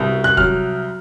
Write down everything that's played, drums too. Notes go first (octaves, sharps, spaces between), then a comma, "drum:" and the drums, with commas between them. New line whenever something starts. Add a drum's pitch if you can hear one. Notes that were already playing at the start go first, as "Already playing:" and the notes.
Already playing: C2 B2
F#6
F#3 F6, drum: kick